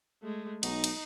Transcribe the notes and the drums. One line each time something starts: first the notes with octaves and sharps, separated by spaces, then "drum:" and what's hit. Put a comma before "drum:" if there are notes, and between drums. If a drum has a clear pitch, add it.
G#3 A3
B1 D#4, drum: cymbal
drum: cymbal